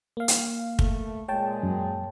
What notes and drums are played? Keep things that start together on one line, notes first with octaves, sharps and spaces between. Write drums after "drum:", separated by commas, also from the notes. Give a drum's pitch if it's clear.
A#3 F5
drum: hi-hat
A3, drum: kick
A#2 G#3 C#5 G5 A5
F#2